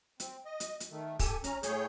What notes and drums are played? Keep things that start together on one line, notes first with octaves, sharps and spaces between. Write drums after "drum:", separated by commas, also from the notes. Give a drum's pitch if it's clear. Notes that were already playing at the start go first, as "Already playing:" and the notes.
C4, drum: hi-hat
D#5
drum: hi-hat
drum: hi-hat
D#3 A3
G4 A4 G#5, drum: kick, open hi-hat
C#4 A#5, drum: hi-hat
A2 G#4 C#5 G6, drum: hi-hat